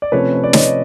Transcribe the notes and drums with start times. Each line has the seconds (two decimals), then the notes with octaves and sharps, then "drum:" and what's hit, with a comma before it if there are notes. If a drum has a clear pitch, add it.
0.02 D5
0.12 C3 F3 A3 C#4 B4 C#5
0.35 C#5
0.44 D5
0.53 C#5 D#5, drum: snare